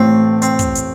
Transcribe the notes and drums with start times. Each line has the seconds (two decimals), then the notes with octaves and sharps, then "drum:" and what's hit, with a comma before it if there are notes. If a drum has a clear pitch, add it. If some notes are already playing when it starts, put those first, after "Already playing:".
Already playing: A1 A2 E3 A3 C4
0.42 C4, drum: hi-hat
0.59 drum: kick, hi-hat
0.75 drum: hi-hat